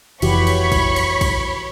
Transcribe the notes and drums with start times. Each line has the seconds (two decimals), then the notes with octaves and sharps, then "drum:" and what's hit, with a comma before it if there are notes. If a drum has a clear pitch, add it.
0.22 F1 E3 F#4 G4 C#5 B5 C#6, drum: cymbal
0.47 drum: cymbal
0.72 drum: kick, cymbal
0.96 drum: cymbal
1.21 drum: kick, cymbal